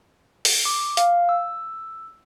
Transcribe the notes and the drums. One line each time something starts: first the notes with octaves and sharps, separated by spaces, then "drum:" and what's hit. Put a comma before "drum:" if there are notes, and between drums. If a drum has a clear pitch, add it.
drum: open hi-hat
D6
F5, drum: hi-hat
E6